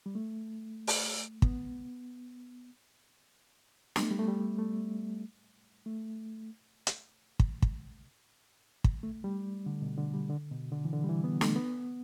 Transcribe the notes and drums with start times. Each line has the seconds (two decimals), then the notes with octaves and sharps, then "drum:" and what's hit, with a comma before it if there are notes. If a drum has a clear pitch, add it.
0.06 G3
0.15 A3
0.87 drum: open hi-hat
1.42 B3, drum: kick
3.96 B3, drum: snare
4.03 A3
4.11 G3
4.19 A3
4.28 G3
4.59 A3
5.86 A3
6.87 drum: hi-hat
7.40 drum: kick
7.62 drum: kick
8.84 drum: kick
9.03 A3
9.24 G3
9.66 D3
9.82 B2
9.98 D3
10.14 G3
10.30 D3
10.51 B2
10.72 D3
10.85 E3
10.93 D3
11.04 G3
11.09 E3
11.24 B3
11.41 A3, drum: snare
11.56 B3